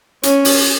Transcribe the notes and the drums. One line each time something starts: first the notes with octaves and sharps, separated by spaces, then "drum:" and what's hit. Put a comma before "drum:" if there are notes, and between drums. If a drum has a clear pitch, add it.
C#4, drum: hi-hat
drum: open hi-hat